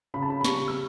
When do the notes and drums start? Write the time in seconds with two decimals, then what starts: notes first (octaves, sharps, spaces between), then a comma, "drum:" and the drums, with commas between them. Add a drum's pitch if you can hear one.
0.14 C#3 B5
0.22 A5
0.30 B5
0.41 B5
0.44 G3 C#6, drum: snare
0.68 E6